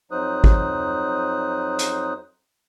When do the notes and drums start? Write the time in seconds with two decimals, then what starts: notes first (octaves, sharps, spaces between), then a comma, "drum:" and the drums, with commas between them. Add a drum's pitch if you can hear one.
0.11 F2 F#3 D#4 C5 D#6 F#6
0.44 drum: kick
1.79 drum: hi-hat